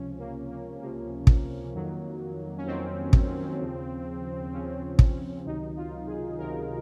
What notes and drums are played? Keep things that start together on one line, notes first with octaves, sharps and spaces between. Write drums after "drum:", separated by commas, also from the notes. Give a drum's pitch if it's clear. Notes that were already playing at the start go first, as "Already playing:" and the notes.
Already playing: C#2 C3 F3 C#4
A#3
A#3
C#2 C3 F3 A#3
drum: kick
F2 D#3 F#3
C#4
F2 D#3 F#3 C4
drum: kick
D#2 C#3 F3
D#2 C#3 F3 C#4
C4
drum: kick
C#4
C#2 C3 D#3 F#3 D#4
F4
G#4
C#2 C3 D#3 F#3 A#4